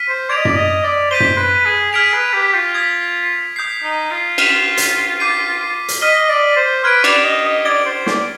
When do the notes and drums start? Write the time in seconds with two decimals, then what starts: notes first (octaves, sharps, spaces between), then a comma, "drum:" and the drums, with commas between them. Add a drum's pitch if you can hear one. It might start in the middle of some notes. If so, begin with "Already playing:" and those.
Already playing: F6 B6 D#7
0.09 C5
0.30 D5 G#6 D7 F7
0.37 D#5
0.45 D5, drum: tom F#2
0.56 D#5
0.84 D5
1.11 C5 G6 B6 D#7 G7
1.20 drum: tom F#2
1.38 B4
1.66 G#4
1.93 G#4 F6 G#6 B6 D7 F7
2.14 B4
2.34 G4
2.54 F4
2.74 D#6 G#6 B6
3.56 D#6 G6 C7
3.83 D#4
4.11 F4
4.38 F6 B6 D#7 G7, drum: cymbal
4.77 drum: hi-hat
5.20 D6 G6 C7 D#7
5.88 drum: hi-hat
6.01 D#5 F6 B6 D#7 G7
6.29 D5
6.57 C5
6.84 B4 F6 G#6 D7
7.04 D5, drum: cymbal
7.25 D#5
7.45 D#5
7.65 D5 G#6 D7 G7
7.86 C5
8.06 D5, drum: snare